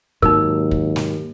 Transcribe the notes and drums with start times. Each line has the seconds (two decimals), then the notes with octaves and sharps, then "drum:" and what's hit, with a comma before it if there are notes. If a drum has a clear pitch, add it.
0.22 D#2 G#2 F#3 D#4 A#4, drum: kick
0.71 drum: kick
0.96 drum: snare